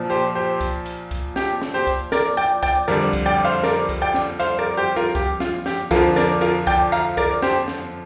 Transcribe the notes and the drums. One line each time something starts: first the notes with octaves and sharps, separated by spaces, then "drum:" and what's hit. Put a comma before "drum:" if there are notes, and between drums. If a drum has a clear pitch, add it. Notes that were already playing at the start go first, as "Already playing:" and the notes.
Already playing: A#2 F3
G4 C5
G4 C5
drum: kick C2, hi-hat
drum: hi-hat
drum: kick C2, hi-hat
G4, drum: snare
drum: snare
G4 C5
drum: kick C2, hi-hat
A#4 D5, drum: snare
D5 G5, drum: hi-hat
D5 G5, drum: kick C2, hi-hat
F2 D3 G3 A#4 D5, drum: hi-hat
drum: kick C2, hi-hat
D5 G5
C5 F5
A#4 D5, drum: snare
drum: kick C2, hi-hat
D5 G5
drum: snare
C5 F5, drum: hi-hat
A#4 D5
G4 C5
F4 A#4
G4, drum: kick C2, hi-hat
F4, drum: snare
G4, drum: snare
F2 D3 F3 F4 A#4, drum: kick C2, hi-hat
A#4 D5, drum: snare
F4 A#4, drum: hi-hat
D5 G5, drum: kick C2, hi-hat
F5 A#5, drum: hi-hat
A#4 D5, drum: kick C2, hi-hat
G4 C5, drum: snare
drum: snare